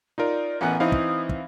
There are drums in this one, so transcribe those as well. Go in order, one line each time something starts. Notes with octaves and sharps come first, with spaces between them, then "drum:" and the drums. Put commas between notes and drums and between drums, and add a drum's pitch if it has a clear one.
D#4 F4 A#4 D5
A1 B3 F#5 G#5
E3 C4 D#4 E4 F5 D#6
drum: kick
drum: kick